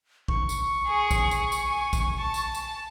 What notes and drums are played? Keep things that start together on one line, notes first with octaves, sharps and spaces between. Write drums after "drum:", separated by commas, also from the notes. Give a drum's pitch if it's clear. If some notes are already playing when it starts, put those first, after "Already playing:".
C#6, drum: kick A#1
drum: tambourine
G#4
drum: kick A#1, tambourine
drum: tambourine
drum: tambourine
G#5
drum: kick A#1, tambourine
A5
drum: tambourine
drum: tambourine